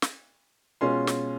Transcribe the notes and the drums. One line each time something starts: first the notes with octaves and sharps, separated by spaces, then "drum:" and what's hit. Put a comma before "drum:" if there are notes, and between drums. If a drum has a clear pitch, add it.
drum: snare
B2 G#3 C#4 F4 C6
drum: snare